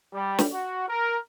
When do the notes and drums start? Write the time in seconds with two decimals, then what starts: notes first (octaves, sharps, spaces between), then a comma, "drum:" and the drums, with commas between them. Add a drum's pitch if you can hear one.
0.13 G3
0.39 drum: snare
0.52 F#4
0.87 A#4